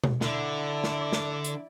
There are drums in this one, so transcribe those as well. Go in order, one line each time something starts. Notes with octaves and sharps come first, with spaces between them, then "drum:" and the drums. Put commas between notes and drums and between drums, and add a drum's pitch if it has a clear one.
drum: tom B2
D3 E4 D5, drum: snare
drum: snare
drum: snare
drum: hi-hat